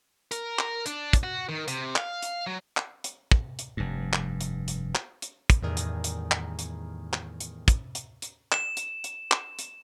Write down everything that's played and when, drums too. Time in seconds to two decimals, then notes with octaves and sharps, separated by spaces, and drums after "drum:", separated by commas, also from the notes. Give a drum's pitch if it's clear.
0.32 A#4, drum: hi-hat
0.59 drum: clap
0.86 D4, drum: hi-hat
1.13 drum: kick, hi-hat
1.23 F#4
1.49 D#3
1.68 C3, drum: hi-hat
1.96 F5, drum: clap
2.22 drum: hi-hat
2.47 F#3
2.77 drum: clap
3.04 drum: hi-hat
3.31 drum: kick
3.59 drum: hi-hat
3.77 F1 G2
4.13 drum: clap
4.41 drum: hi-hat
4.68 drum: hi-hat
4.95 drum: clap
5.22 drum: hi-hat
5.50 drum: kick, hi-hat
5.62 E2 A2 D#3 G3 G#4 A#4
5.77 drum: hi-hat
6.04 drum: hi-hat
6.31 drum: clap
6.59 drum: hi-hat
7.13 drum: clap
7.40 drum: hi-hat
7.68 drum: kick, hi-hat
7.95 drum: hi-hat
8.22 drum: hi-hat
8.52 E7, drum: clap
8.77 drum: hi-hat
9.04 drum: hi-hat
9.31 drum: clap
9.59 drum: hi-hat